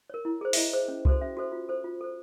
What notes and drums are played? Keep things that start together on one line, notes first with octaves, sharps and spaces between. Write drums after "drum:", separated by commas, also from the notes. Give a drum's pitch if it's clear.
A#4 C#5
E4
G#4 C5
E5, drum: open hi-hat
E4 D#5
G#4 C5
C#4
F#4 A4 C5, drum: kick C2
C#4 E5
F#4 A4 C5
F4
A4 C5
F4
A4 C5